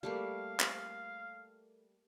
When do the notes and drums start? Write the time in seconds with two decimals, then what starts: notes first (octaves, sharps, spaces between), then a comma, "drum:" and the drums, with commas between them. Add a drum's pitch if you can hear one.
0.03 G3 A3 A#3 F5
0.60 drum: clap